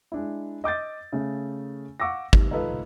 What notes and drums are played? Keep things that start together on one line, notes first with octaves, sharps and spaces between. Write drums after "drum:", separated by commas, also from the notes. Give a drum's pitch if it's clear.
G#3 D4 E4
D#5 D6 G6 A6
C#3 A3
F5 F#5 C#6 D6 E6 A#6
D#2, drum: kick
D#4 F4 A4 B4 D#5